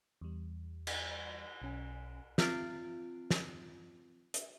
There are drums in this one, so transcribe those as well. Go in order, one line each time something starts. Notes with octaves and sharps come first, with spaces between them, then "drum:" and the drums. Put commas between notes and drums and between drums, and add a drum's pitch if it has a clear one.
E2 G3
drum: cymbal
B1 C#4 G#5
C4 F4 F6 A6 C7 D7, drum: snare
drum: snare
drum: hi-hat